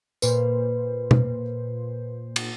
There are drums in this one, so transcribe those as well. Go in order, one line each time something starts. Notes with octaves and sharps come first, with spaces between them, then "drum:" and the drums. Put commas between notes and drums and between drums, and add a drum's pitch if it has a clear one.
A#2 B4 C5, drum: tambourine
drum: tom B2
drum: cymbal